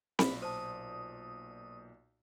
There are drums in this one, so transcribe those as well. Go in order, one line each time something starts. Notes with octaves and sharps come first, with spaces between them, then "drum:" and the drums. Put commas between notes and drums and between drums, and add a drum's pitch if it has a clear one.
B1 A#2 D5 B5, drum: snare C4
C5 A5 D#6